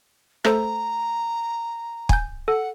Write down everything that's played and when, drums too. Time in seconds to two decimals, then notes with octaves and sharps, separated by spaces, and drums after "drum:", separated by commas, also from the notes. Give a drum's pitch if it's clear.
0.45 A3 A4 C5 A#5, drum: rim click
2.09 G#5 G6, drum: kick
2.48 A4 F#5